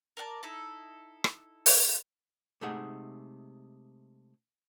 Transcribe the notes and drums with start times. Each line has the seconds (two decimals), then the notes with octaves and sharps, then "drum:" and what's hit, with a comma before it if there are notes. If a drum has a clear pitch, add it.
0.17 A#4 D5 F#5 A5
0.43 D#4 E4 A4
1.24 drum: rim click
1.66 drum: open hi-hat
2.61 C3 G#3 A3 D#4 G#4 F#5